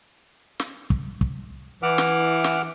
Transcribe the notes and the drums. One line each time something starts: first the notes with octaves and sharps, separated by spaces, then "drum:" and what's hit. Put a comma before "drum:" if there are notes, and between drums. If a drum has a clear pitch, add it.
drum: snare
drum: kick
drum: kick
E3 F#5 D6 F6
drum: snare
drum: snare